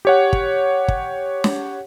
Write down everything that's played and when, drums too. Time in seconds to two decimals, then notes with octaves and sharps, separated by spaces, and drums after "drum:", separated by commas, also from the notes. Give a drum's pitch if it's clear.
0.05 G4 C#5 F#5
0.33 drum: kick
0.88 drum: kick
1.44 drum: snare